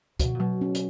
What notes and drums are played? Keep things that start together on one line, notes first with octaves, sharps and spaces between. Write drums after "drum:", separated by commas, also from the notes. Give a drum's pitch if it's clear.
B2 F#4, drum: kick, hi-hat
A#2
B2 F#3
C#4
drum: hi-hat